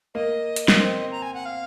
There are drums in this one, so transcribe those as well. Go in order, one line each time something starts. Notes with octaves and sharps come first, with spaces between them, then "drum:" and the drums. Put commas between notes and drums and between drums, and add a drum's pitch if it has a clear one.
A#3 D#5
drum: hi-hat
A#3, drum: snare
C4
A#5
G#5
F#5
F5